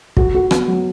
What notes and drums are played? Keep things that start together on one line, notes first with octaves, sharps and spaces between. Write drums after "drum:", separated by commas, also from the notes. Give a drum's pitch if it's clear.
F#4, drum: kick
F#4
B3, drum: rim click
F#3